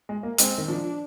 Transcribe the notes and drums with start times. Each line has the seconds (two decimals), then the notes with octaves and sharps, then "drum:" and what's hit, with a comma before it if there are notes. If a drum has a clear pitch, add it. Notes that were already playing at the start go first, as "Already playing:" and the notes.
0.09 G#3
0.23 A#3
0.38 G#3 C4, drum: hi-hat
0.58 D#3
0.68 F3 D4